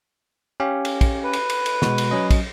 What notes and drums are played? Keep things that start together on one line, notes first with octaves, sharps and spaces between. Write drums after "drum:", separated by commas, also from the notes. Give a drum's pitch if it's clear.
C#4 G4 F5
drum: cymbal
drum: kick, cymbal
B4
drum: cymbal
drum: cymbal
drum: cymbal
B2 G#3 F#4, drum: snare
drum: cymbal
F#3 C#4 D#5
drum: kick, cymbal